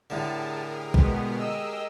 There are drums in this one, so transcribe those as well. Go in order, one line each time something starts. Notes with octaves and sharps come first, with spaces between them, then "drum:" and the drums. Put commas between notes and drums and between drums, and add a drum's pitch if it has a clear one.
A2 D3 G4 G#4 A#4 A5
B2 G#3 B3, drum: kick A#1
D#5 E6